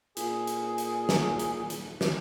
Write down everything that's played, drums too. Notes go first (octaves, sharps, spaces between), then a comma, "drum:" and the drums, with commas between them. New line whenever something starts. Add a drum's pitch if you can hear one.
A#2 G#4, drum: hi-hat
drum: hi-hat
drum: hi-hat
drum: snare
drum: hi-hat
drum: hi-hat
drum: snare